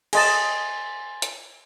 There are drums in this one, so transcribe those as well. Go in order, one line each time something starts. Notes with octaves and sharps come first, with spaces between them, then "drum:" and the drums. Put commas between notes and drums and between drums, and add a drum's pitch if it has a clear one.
G#4 D#5 G#5 A5 C6 A6, drum: cymbal
drum: hi-hat